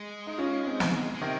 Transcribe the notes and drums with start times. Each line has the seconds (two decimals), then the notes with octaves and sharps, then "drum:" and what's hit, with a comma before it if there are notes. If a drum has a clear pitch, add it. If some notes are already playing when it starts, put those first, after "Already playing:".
Already playing: G#3
0.27 D#4
0.38 C#4 F4
0.66 C4 D#4
0.80 drum: snare
1.15 G#3
1.21 C3 D#3 A#3